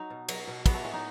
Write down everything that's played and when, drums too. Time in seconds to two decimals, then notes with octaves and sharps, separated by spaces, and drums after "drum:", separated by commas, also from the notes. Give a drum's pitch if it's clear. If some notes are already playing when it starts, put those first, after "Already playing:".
Already playing: F#3 D#4
0.10 B2
0.29 F#3, drum: cymbal
0.48 B2
0.66 F#3 B3, drum: kick, cymbal
0.74 A3
0.84 A2 G#3
0.94 D#4